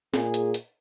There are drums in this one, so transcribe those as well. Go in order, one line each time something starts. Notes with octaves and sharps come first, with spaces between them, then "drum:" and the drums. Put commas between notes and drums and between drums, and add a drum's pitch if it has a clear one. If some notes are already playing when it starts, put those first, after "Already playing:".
A#2 G#4, drum: snare
drum: hi-hat
drum: hi-hat